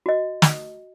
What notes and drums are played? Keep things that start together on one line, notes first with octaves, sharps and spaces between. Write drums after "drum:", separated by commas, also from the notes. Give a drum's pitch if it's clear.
F#4 D#5
drum: snare